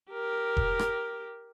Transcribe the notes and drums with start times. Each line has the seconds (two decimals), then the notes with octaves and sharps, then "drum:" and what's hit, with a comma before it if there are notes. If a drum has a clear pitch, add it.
0.11 G4 A#4
0.57 drum: kick E1
0.79 drum: rim click